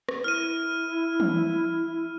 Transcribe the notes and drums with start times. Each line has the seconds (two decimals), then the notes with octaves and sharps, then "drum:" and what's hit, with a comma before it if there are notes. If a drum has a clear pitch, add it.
0.09 drum: rim click
0.24 E4 F6 D#7
1.20 drum: tom E3